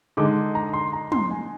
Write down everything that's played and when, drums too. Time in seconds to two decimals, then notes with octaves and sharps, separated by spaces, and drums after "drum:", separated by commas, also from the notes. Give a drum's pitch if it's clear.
0.17 D3 G#3 D#4 D6
0.55 A#5
0.73 C6
0.93 A#5
1.12 C6, drum: tom
1.31 G#5